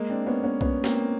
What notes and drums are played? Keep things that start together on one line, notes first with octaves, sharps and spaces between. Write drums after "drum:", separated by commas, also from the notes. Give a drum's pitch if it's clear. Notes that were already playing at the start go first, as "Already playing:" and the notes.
Already playing: G#3 A#3
C4 D4
B3 C#4
B3 C#4
B3 C#4, drum: kick B1
A#3 C4, drum: snare